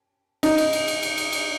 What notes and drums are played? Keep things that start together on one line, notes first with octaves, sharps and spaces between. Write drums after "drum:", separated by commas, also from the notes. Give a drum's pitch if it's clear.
D#4, drum: cymbal
drum: cymbal
drum: cymbal
drum: cymbal
drum: cymbal
drum: cymbal
drum: cymbal